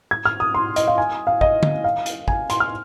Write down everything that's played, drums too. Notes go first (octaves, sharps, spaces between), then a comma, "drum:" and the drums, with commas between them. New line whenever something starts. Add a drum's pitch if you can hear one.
G#6
F6
D#6
C6
D#5, drum: hi-hat
F5
G#5
F5
D#5, drum: kick
drum: tom
F5
drum: hi-hat
G#5, drum: kick
C6, drum: hi-hat
F6